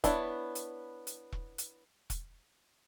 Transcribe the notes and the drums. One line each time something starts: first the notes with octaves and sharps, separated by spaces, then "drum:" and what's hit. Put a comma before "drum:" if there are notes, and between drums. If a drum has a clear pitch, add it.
B3 D4 E4 C#5, drum: kick E1, hi-hat
drum: hi-hat
drum: hi-hat
drum: kick E1
drum: hi-hat
drum: kick E1, hi-hat